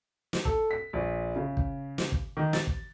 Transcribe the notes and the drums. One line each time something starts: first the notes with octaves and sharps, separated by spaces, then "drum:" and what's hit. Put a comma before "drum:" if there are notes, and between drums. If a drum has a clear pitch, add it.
drum: snare
A4, drum: kick
B6
A#1
C#3
drum: kick
drum: snare
drum: kick
D#3
A6, drum: snare
drum: kick